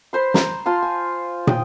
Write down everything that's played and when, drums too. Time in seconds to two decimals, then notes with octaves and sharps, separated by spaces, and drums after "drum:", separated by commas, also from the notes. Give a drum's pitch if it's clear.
0.13 B4 C5 C6
0.34 A#5, drum: snare
0.66 F4 A5 C6
0.82 G#5
1.47 G5 D#6, drum: tom